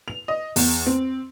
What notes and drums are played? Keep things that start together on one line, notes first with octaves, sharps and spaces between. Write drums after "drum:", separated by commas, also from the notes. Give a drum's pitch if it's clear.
F7
D#5
E2, drum: open hi-hat
C4